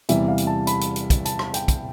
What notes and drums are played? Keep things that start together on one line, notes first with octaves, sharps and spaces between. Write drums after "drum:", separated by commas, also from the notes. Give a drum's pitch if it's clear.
E2 C3 E3 G3 E5, drum: hi-hat
F5
drum: hi-hat
A5
B5, drum: hi-hat
drum: hi-hat
drum: hi-hat
drum: kick, hi-hat
A5, drum: hi-hat
drum: rim click
G5, drum: hi-hat
drum: kick, hi-hat